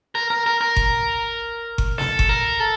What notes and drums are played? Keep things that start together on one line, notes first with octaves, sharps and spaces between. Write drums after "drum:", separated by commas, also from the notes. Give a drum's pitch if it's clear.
A#4
A#4
A#4
A#4
drum: kick G1
drum: kick G1
A4, drum: snare
drum: kick G1
A#4
A4